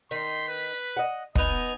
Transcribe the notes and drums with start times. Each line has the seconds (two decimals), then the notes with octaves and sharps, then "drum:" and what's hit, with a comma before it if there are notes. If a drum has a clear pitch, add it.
0.11 D#3 C6 B6
0.48 B4
0.97 D#5 F#5
1.35 B3 D#4 D#5 G#5 F7, drum: kick